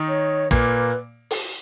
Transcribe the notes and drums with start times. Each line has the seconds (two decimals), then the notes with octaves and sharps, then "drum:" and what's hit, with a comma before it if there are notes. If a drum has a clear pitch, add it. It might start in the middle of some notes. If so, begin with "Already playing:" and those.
Already playing: D#3 D#4
0.08 C#5
0.51 A#2 A#3 B4, drum: kick
1.31 drum: open hi-hat